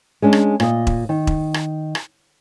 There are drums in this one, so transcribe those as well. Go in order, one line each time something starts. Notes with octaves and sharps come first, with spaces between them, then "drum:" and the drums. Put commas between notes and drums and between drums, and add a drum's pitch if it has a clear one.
G#3 C#4 D4
drum: rim click
A#2 D#5, drum: rim click
drum: kick E1
D#3
drum: kick E1
drum: rim click
drum: rim click